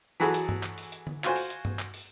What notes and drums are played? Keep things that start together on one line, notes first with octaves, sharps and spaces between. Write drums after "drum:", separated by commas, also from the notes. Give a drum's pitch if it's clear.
E3 F#3 F#4 G#4 A4
drum: hi-hat
drum: tom G2
drum: clap
drum: open hi-hat
drum: hi-hat
drum: tom D3
F4 F#4 C5 G#5, drum: clap
drum: open hi-hat
drum: hi-hat
drum: tom G2
drum: clap
drum: open hi-hat